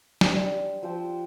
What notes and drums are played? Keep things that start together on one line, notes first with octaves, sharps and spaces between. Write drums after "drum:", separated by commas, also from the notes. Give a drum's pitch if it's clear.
G3 D4 G4 C5, drum: snare
F3 C4 G4 C5